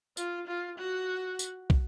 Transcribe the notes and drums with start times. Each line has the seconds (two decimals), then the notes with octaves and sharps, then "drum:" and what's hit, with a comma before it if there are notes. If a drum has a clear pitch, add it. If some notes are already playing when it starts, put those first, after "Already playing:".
0.17 F4, drum: tambourine
0.47 F4
0.78 F#4
1.39 drum: tambourine
1.70 drum: kick